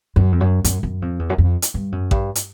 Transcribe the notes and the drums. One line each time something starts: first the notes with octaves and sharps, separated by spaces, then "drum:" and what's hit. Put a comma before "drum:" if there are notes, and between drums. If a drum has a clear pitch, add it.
F#2
F2
F#2
F#2, drum: hi-hat
F#2
F2
E2
F#2
F2
drum: hi-hat
G2
F#2
G2, drum: kick A1
drum: hi-hat